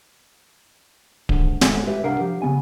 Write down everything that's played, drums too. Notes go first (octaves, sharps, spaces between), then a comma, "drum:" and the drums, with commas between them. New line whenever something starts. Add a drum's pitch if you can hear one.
D#2 G#2 D3, drum: kick D1
G#2 G#3 A3 C#4 F#4 D5, drum: snare
G4 B4 E5
C2 D4 A#4 F5 F#5 A#5
F3 G4
C#3 F#3 B3 G#5